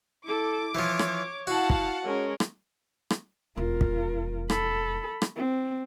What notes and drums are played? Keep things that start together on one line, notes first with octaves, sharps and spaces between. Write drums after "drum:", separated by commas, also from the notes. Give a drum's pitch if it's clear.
E4 A4 D6
E3 F3 C#5
drum: rim click
E4 F#4 F5 F#5 A5
drum: kick
G#3 C#4 A#4
drum: rim click
drum: rim click
E1 F2 F4 A#4
drum: kick
A4 B5, drum: rim click
drum: rim click
C4